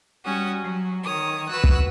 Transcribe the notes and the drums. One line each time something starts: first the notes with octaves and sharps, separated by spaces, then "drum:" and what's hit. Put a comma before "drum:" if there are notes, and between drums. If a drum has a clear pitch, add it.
G3 C#4 F#4 D#6
F#3
D#3 C#5 D#6
F#4 B4 E6 F#6
drum: kick